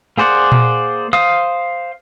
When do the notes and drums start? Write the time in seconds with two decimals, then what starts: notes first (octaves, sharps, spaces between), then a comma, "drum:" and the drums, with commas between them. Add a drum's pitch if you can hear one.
0.18 A#3 G#4 C5 D5 F#5
0.52 drum: tom A#2
1.13 C5 F5 D#6